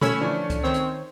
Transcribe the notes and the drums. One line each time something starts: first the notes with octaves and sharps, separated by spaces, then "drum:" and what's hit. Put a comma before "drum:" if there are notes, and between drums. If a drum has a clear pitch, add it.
A3 C#4 B5 E6 G#6, drum: tom A#2
D3 E3 F3 D4
drum: kick C#2, hi-hat
D#3 C4 C5 C#5
drum: hi-hat